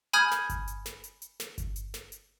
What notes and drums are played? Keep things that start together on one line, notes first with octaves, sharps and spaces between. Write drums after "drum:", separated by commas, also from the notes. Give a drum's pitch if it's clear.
G#5 B5 D#6 F6 G6 G#6, drum: hi-hat
drum: snare
drum: kick G1, hi-hat
drum: hi-hat
drum: snare
drum: hi-hat
drum: hi-hat
drum: snare
drum: kick G1, hi-hat
drum: hi-hat
drum: snare
drum: hi-hat